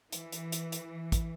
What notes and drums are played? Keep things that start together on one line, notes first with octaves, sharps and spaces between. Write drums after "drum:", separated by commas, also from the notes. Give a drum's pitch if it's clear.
E3, drum: hi-hat
drum: hi-hat
drum: hi-hat
drum: hi-hat
drum: kick, hi-hat